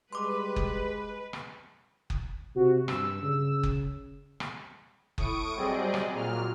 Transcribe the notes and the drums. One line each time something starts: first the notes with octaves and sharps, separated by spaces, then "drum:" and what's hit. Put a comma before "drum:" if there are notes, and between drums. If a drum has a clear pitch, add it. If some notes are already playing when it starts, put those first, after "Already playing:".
G3 G#3 B4 C6 D6
drum: kick F#1
drum: rim click
drum: kick F#1
C3 F#4
G2 E6, drum: rim click
C#3
drum: kick F#1
drum: rim click
A2 C#6 D#6 D7, drum: kick F#1
F#3 G3 C4 G#4 D5 D#5
drum: rim click
A#2 F#3 F6